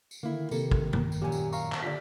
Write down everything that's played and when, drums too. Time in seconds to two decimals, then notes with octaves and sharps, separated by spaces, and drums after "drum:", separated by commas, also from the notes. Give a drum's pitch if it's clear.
0.11 drum: tambourine
0.23 D3 D#3 A#3 E4
0.51 C3 A#3 A4, drum: tambourine
0.72 drum: kick
0.93 A#3, drum: tom
1.12 drum: tambourine
1.22 F#2 A#2 G4 G#5
1.32 drum: tambourine
1.53 F5 A#5 C#6, drum: tambourine
1.72 drum: clap
1.83 D3 F4 G4 D5 B6